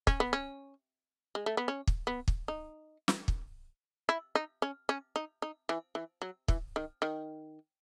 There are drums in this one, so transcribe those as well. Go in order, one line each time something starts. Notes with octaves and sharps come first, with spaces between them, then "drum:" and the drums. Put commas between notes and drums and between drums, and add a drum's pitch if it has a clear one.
C#4, drum: kick
B3
C#4
G#3
A3
B3
C#4
drum: kick
B3
drum: kick
D#4
drum: snare
drum: kick
E4
D#4
C#4
C#4
D#4
D#4
E3
E3
F#3
E3, drum: kick
D#3
D#3